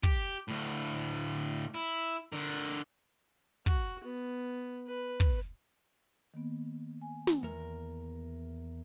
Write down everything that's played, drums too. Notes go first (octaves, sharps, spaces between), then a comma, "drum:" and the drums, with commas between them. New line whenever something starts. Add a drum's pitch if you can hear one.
G4, drum: kick
D2 A2
E4
D3 A#4
F#4, drum: kick
B3
B4
drum: kick
D#3 A#3 B3
G#5
drum: snare
E2 A#4